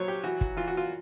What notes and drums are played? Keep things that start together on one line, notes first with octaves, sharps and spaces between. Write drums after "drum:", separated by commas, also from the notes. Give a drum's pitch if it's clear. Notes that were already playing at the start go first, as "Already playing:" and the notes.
Already playing: A#1 F#3 C5 C#5
G4
E3 F#4
drum: kick
E3 F4
F#4
F4